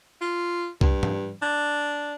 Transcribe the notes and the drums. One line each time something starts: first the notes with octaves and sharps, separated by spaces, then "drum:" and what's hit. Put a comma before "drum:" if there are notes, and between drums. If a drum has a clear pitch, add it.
F4
G2, drum: kick
drum: tom G#2
D4